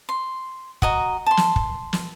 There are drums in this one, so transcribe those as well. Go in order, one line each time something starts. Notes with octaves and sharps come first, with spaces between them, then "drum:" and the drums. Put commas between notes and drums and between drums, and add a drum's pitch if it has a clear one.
C6
F#4 D#5 A#5, drum: kick
A5 C6
drum: snare
drum: kick
drum: snare